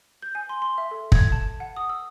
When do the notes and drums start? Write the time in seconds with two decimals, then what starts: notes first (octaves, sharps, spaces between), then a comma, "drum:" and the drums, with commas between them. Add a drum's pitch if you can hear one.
0.22 G6
0.35 G#5
0.49 C6
0.62 C6
0.78 E5
0.91 A4
1.12 G#6, drum: kick
1.32 A5
1.60 F#5
1.77 D#6
1.89 E6